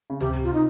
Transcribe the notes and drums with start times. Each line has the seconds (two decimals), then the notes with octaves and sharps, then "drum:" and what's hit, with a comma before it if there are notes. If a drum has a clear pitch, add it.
0.10 C#3
0.21 C3 G4, drum: tom C#2
0.44 F4
0.54 D#4